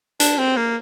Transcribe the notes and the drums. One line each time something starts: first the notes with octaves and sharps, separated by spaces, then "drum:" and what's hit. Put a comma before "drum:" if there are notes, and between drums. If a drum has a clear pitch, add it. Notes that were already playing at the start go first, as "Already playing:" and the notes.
D4, drum: hi-hat
C4
A#3